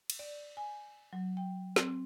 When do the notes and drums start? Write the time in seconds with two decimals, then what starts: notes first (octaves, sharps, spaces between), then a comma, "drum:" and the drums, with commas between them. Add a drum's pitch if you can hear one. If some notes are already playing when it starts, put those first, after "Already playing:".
0.10 drum: cymbal
0.19 D5
0.57 G#5
1.13 F#3
1.37 G5
1.76 C4, drum: snare